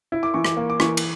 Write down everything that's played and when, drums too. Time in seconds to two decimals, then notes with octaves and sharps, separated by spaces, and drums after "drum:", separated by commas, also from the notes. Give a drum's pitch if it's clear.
0.12 E4
0.23 D6
0.34 E3 C#6
0.45 D6, drum: rim click
0.57 A#3
0.70 D6
0.80 E3 C#6, drum: rim click
0.97 drum: cymbal